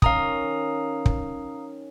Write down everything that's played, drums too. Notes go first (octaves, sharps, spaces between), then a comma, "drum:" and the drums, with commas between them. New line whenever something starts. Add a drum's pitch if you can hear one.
D#3 C#4 F5 A#5 D#6, drum: kick
drum: kick